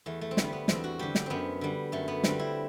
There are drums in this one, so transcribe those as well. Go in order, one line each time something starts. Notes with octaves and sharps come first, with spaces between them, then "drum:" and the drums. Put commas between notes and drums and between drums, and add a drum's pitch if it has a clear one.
E2 A3
A3
C4
D3 G3 B3, drum: snare
B3
E2 C4, drum: snare
F#4
D3 G3 G4
drum: snare
F#2 B3 C4
D3 G3
F#2 A3
B3
D3 G3 C4, drum: snare
E4